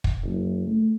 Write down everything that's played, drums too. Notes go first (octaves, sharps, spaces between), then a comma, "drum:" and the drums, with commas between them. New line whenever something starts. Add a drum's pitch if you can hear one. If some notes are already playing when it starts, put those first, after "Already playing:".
drum: kick
F#1
A3